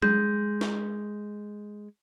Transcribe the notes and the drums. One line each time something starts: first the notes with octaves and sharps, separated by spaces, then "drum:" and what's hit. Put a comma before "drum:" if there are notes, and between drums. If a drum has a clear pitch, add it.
G#3 G6, drum: tom F#3
drum: snare